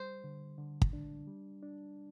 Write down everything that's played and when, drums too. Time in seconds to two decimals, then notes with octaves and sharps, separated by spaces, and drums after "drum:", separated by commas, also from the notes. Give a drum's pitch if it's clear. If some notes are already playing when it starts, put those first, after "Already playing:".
Already playing: G3 C5
0.24 D3
0.58 D3
0.82 drum: kick
0.93 D4
1.28 G3
1.63 D4